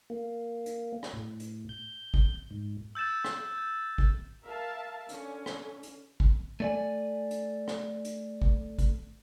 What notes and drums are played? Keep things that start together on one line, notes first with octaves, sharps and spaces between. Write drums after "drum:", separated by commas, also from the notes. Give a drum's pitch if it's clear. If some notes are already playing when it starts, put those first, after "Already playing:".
A#3
drum: hi-hat
drum: rim click
A2
drum: hi-hat
G6
drum: kick
G#2
E6 G6 A6 E7
drum: rim click
G6
drum: kick
A#4 E5 F5 A5
D3 C#4, drum: hi-hat
drum: rim click
drum: hi-hat
drum: kick
A3 D5 G#5
drum: hi-hat
drum: rim click
drum: hi-hat
drum: kick
drum: kick, hi-hat